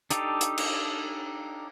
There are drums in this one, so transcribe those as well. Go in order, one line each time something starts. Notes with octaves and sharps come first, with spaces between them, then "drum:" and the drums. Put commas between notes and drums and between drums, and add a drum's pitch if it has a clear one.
D4 D#4 G4 A4, drum: hi-hat
drum: hi-hat
drum: cymbal